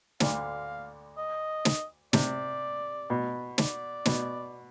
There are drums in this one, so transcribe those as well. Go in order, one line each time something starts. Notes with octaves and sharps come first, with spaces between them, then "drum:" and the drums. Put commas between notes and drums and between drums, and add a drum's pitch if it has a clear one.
D2 D3 F5, drum: snare
D#5
drum: snare
C3 D5, drum: snare
B2
D5, drum: snare
B2, drum: snare